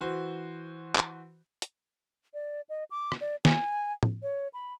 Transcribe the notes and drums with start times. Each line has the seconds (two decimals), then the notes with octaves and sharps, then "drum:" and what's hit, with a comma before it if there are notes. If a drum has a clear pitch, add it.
0.01 E3 F#4 C5
0.95 drum: clap
1.62 drum: hi-hat
2.34 D5
2.69 D#5
2.91 D6
3.12 drum: rim click
3.21 D5
3.45 G#5, drum: snare
4.03 drum: tom
4.23 C#5
4.53 B5